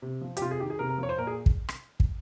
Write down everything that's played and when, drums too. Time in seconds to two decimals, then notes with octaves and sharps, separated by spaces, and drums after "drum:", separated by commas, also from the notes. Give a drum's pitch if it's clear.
0.02 C3
0.21 F3
0.37 G4, drum: hi-hat
0.41 C3 F4
0.51 G#4
0.60 D#3 G4
0.70 G#4
0.79 C3 A#4
0.89 A#4
0.98 F3 C#5
1.09 C5
1.17 A#2 A#4
1.27 G#4
1.46 drum: kick
1.69 drum: rim click
2.00 drum: kick